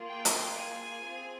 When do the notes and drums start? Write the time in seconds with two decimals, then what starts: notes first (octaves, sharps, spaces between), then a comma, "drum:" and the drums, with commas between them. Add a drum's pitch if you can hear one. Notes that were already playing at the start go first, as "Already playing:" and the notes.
Already playing: A#3 F4 G#4
0.09 G5
0.25 drum: hi-hat
0.57 G#5
1.05 C4 F4 G#4